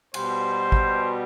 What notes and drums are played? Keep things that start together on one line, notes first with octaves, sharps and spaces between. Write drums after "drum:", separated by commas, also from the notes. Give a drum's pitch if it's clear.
B2 G3 C5, drum: cymbal
drum: kick G#1